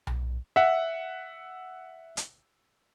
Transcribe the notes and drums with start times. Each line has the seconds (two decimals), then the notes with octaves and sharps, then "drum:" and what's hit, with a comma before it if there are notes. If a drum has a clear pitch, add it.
0.07 drum: tom B1
0.56 E5 F#5
2.17 drum: hi-hat